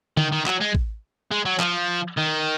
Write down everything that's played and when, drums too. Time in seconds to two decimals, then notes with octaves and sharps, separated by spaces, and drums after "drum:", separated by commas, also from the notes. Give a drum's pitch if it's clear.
0.17 D#3, drum: tom D3
0.32 D#3
0.46 F#3, drum: clap
0.60 G#3
0.75 drum: kick
1.32 G#3
1.45 F#3
1.60 F3, drum: clap
2.17 D#3